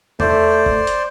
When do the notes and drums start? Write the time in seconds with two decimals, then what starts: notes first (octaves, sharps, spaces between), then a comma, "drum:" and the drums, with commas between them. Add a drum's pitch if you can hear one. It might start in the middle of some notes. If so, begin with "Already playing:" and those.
0.20 A3 C5 D5, drum: tom E2
0.66 drum: kick
0.87 drum: hi-hat